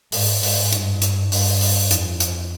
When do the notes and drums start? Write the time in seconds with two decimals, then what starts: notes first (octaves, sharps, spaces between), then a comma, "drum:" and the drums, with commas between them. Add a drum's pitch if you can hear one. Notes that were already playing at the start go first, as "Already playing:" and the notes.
0.12 G#2, drum: open hi-hat
0.43 G#2, drum: open hi-hat
0.73 G2, drum: hi-hat
1.02 drum: hi-hat
1.32 G2, drum: open hi-hat
1.61 drum: open hi-hat
1.91 F2, drum: hi-hat
2.20 drum: hi-hat